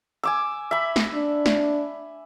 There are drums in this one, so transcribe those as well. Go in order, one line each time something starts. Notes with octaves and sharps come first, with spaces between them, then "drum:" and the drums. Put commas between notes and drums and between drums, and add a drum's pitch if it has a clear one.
G#5 D6 E6
E5 B5
drum: snare
D4
drum: snare